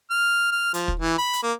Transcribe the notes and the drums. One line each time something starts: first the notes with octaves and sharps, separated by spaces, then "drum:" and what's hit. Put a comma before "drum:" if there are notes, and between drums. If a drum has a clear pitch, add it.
F6
F6
F3, drum: hi-hat
drum: kick
E3
B5
drum: hi-hat
A#3